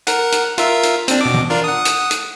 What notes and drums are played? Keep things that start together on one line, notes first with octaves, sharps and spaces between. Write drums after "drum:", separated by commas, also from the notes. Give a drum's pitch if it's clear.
A#4 F#5, drum: hi-hat
drum: hi-hat
F4 A#4 E5, drum: hi-hat
drum: hi-hat
C4 D4, drum: hi-hat
B2 D6
drum: tom
D4 F4 A#4
F#5 D#6
drum: hi-hat
drum: hi-hat